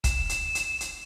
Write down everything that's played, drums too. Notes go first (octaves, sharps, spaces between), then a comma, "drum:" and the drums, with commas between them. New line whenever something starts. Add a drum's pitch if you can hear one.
E7, drum: kick, hi-hat
drum: hi-hat
drum: hi-hat
drum: hi-hat